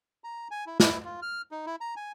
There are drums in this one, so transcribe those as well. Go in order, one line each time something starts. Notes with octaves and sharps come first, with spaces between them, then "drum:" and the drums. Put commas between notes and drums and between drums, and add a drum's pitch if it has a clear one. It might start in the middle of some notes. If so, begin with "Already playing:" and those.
A#5
G#5
E4
E4, drum: snare
F4
F6
D#4
E4
A#5
G#5